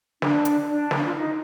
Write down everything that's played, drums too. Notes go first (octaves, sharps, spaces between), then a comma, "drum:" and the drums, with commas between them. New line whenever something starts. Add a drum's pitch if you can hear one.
D4, drum: snare
drum: hi-hat
D4
drum: snare
F4
D#4